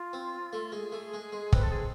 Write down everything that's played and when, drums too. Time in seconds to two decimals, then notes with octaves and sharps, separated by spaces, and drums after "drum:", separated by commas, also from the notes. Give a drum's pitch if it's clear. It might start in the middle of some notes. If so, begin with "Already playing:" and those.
Already playing: F4
0.13 C4
0.53 A3
0.72 G#3 G#4
0.92 A3
1.14 G#3
1.32 G#3
1.53 C4 B4, drum: kick
1.62 A4
1.72 G#4